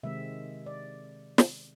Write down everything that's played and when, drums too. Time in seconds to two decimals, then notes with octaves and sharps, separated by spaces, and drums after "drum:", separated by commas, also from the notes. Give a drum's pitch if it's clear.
0.03 C3 D#3 G#3 C4 E5
0.66 D5
1.38 drum: snare